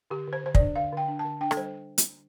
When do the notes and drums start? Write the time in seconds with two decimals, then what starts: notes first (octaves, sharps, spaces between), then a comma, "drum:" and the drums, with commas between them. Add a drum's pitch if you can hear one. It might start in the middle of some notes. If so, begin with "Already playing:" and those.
0.10 D3 G4
0.27 D3
0.33 C5
0.44 D3 C5
0.55 D5, drum: kick
0.60 D4
0.76 D3 F5
0.92 D3 G5
1.08 D4
1.19 A5
1.25 D3
1.41 D4 G5
1.51 A4, drum: rim click
1.57 G3 C5
1.98 drum: hi-hat